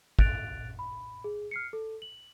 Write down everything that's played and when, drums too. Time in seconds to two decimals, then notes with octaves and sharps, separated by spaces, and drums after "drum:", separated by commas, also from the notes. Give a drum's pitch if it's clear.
0.19 F#6 A6 D7 F7, drum: kick
0.79 B5
1.24 G#4
1.51 F6 C7 C#7
1.73 A4
2.02 F#7